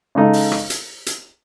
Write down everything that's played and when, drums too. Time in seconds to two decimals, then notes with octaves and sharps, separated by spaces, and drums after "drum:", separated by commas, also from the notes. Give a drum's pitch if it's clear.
0.15 C#3 G#3 D#4 A4
0.33 drum: open hi-hat
0.52 drum: rim click
0.70 drum: hi-hat
1.06 drum: hi-hat